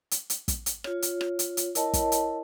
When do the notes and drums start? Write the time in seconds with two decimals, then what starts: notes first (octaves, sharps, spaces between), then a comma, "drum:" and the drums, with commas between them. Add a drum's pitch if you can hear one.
0.11 drum: hi-hat
0.30 drum: hi-hat
0.48 drum: kick, hi-hat
0.66 drum: hi-hat
0.84 F4 C#5, drum: rim click
1.02 drum: hi-hat
1.21 drum: rim click
1.39 drum: hi-hat
1.57 drum: hi-hat
1.75 E4 A#4 C#5 D#5 A5, drum: hi-hat
1.93 drum: kick, hi-hat
2.12 drum: hi-hat